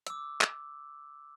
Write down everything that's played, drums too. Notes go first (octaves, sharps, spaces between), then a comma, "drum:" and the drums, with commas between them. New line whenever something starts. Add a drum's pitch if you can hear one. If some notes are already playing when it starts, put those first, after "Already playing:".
D6 E6, drum: hi-hat
drum: clap